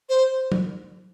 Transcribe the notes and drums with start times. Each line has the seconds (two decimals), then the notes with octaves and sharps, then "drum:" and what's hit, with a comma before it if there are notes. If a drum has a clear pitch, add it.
0.09 C5
0.52 drum: tom F#3